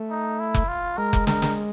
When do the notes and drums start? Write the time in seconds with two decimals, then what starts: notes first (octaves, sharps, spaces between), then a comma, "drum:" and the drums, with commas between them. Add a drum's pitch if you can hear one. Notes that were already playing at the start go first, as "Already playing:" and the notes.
Already playing: A3
0.10 D#4
0.40 E4
0.54 drum: kick F1
0.68 F4
0.98 G#3 A#4
1.13 drum: kick F1
1.27 A#4, drum: snare
1.42 drum: snare